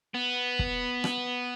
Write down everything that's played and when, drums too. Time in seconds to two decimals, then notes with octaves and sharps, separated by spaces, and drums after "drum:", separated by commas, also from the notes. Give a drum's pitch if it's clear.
0.14 B3
0.59 drum: kick
1.04 drum: rim click